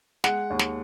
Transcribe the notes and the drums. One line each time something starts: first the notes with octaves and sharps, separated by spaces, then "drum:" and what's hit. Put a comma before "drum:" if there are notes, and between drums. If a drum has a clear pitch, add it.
G#3 F#5, drum: snare
D#2
drum: snare